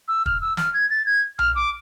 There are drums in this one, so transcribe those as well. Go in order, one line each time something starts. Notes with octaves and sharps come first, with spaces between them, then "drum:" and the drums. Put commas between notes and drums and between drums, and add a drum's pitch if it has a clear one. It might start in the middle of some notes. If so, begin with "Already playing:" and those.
E6
F6, drum: kick
E6
F6, drum: snare
G#6
A6
G#6
F6, drum: tom B1
D6